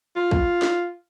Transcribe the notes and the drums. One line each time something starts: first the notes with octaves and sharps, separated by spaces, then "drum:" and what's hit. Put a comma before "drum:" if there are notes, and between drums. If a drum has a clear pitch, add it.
F4
drum: kick
drum: snare